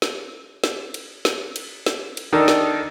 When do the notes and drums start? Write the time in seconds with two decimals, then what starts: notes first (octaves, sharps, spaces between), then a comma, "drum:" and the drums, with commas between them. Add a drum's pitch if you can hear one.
0.02 drum: snare
0.64 drum: snare
0.94 drum: cymbal
1.25 drum: snare
1.56 drum: cymbal
1.86 drum: snare
2.17 drum: cymbal
2.33 D#3 D4 D#4 A4
2.48 drum: snare